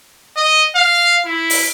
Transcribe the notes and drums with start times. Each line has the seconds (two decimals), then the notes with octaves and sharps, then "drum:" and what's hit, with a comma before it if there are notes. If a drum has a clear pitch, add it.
0.36 D#5
0.75 F5
1.25 E4
1.50 drum: open hi-hat